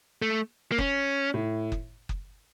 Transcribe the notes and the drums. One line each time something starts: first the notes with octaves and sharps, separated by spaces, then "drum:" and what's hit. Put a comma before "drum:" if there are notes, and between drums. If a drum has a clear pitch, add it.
A3
A#3
C#4, drum: kick F#1
A2
drum: kick F#1
drum: kick F#1